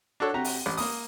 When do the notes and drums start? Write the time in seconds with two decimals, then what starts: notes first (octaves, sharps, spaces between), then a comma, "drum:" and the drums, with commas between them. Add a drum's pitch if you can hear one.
0.20 D4 F#4 A4 C#5
0.34 C3 F#4 G4 A#5
0.44 drum: open hi-hat
0.66 A1
0.77 A#3 D#6, drum: open hi-hat